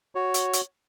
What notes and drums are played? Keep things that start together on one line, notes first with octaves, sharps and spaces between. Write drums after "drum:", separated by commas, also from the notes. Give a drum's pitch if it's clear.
F#4 C#5
drum: hi-hat
drum: hi-hat